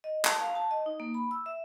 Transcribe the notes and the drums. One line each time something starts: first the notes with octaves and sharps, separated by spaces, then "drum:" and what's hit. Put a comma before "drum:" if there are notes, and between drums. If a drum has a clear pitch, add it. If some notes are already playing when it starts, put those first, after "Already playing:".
D#5
A5, drum: clap
F5
A5
D#5
D#4
A#3
B5
E6
E5